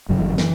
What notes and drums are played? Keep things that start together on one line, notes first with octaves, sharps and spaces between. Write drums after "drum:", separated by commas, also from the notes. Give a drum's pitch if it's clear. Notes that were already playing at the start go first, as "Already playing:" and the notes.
F#1 F#2 C#3 F#3
E3
F#3
E3, drum: snare